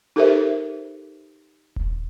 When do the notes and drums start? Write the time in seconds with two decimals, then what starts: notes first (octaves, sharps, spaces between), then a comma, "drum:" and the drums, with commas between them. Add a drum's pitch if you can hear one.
0.16 D#4 G4 A4 A#4 C5 E5
1.76 drum: kick D#1